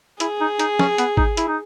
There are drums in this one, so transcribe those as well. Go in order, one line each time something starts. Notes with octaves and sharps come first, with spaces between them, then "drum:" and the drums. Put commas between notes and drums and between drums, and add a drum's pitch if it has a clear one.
E4 G#4, drum: hi-hat
D#4
D#4, drum: hi-hat
C#4, drum: snare
B3, drum: hi-hat
D#4, drum: kick G#1
E4, drum: hi-hat
D#4